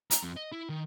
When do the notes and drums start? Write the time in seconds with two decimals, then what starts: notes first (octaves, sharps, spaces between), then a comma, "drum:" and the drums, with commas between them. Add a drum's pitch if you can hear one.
0.11 A#5, drum: hi-hat
0.23 F2
0.36 D#5
0.52 E4
0.69 D#3